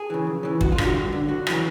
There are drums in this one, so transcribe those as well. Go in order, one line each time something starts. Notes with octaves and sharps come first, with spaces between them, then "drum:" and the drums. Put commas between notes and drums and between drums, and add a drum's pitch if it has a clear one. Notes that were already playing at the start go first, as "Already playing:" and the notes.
Already playing: G#4
C#3 E3
F2
C#3 E3
G2 F#4, drum: kick
F4
D3, drum: rim click
F#4
G2
D3
F#2 F#4
C#3 E3, drum: rim click